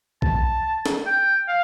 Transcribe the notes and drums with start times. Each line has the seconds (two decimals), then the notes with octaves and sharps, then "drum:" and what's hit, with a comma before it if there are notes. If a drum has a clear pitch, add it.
0.22 A5, drum: kick B1
0.86 drum: snare
1.06 G5
1.48 F5